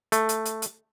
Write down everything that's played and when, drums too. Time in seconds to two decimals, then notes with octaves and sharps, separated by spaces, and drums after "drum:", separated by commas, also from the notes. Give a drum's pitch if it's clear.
0.12 A3, drum: hi-hat
0.29 drum: hi-hat
0.45 drum: hi-hat
0.62 drum: hi-hat